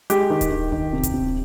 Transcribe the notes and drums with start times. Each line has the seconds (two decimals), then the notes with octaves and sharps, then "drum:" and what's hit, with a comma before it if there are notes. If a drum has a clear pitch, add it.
0.10 G#3 G4, drum: hi-hat
0.30 D#3
0.41 drum: kick D1, hi-hat
0.51 D#3
0.72 D#3, drum: kick D1
0.93 C3
1.03 drum: kick D1, hi-hat
1.14 C3